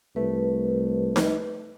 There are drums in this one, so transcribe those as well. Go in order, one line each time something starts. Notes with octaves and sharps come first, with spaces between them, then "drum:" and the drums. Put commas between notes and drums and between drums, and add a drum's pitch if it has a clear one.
C2 A3 B4
drum: snare D#4